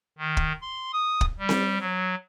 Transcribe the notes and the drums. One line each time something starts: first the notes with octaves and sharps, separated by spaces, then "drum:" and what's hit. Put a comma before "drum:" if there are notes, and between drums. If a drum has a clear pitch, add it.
D#3
drum: kick
C6
D#6
drum: kick
G3
drum: snare C4
F#3